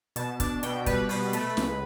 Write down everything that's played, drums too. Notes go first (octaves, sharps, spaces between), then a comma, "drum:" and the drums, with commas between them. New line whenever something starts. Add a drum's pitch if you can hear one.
B2 A5, drum: hi-hat
D4 A5, drum: kick, hi-hat
B2 G5, drum: hi-hat
G3 B4, drum: kick, hi-hat
B2, drum: open hi-hat
A3, drum: hi-hat
C#2, drum: snare